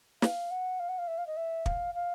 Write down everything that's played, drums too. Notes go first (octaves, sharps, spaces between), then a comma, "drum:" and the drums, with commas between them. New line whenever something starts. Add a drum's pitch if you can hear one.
F5, drum: snare
F#5
F5
F#5
F5
E5
F5
D#5
E5
F5, drum: kick
F5